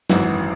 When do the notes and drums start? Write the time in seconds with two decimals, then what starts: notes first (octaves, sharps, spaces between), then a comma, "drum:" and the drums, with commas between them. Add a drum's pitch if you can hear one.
0.10 G#1 F#2 E3 F#4, drum: snare